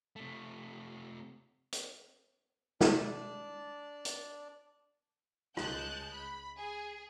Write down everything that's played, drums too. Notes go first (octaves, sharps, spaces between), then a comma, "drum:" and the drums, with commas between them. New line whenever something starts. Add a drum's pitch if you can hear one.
C3 A3
drum: hi-hat
D4 D5 A5, drum: snare
drum: hi-hat
C#2 G#3 A5 F#6 G6, drum: rim click
B5
G#4